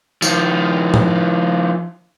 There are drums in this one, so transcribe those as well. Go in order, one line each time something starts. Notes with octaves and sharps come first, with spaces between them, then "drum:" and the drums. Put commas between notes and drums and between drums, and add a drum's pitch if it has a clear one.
D#3 F3, drum: tambourine
drum: tom A2